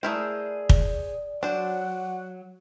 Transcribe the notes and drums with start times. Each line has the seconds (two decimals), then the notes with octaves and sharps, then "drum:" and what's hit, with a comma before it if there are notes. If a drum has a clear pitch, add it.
0.03 A3 E4 G#4 A#4 C5 D5
0.69 drum: kick
1.43 F#3 D4 C5 F#5